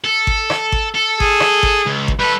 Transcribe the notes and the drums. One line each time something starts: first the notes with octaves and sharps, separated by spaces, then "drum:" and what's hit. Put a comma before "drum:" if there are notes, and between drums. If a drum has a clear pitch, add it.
A4
drum: kick G#1
drum: rim click
drum: kick G#1
A4
G#4, drum: kick G#1
drum: rim click
drum: kick G#1
C#2
drum: kick G#1
G3 A4 B4